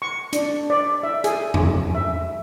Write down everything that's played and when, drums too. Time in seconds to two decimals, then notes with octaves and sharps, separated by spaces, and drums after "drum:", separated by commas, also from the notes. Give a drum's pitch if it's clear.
0.02 C#6
0.33 D4, drum: hi-hat
0.70 D5
1.03 E5
1.24 G#4, drum: hi-hat
1.54 drum: tom E2
1.95 E5